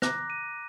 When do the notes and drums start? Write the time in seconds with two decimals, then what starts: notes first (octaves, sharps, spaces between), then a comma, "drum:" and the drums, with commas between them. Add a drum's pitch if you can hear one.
0.02 A#5 D6 F#6 A#6, drum: rim click
0.30 D#7